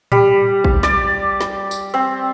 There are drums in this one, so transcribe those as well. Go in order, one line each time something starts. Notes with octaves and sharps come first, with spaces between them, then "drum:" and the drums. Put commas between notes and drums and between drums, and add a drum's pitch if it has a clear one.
G3, drum: tom A2
drum: kick
D5, drum: snare
drum: snare
drum: tambourine
C4